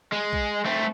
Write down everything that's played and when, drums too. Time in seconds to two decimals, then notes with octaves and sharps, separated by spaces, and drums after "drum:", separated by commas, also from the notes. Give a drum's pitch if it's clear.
0.13 G#3
0.33 drum: kick A#1
0.66 A3 C4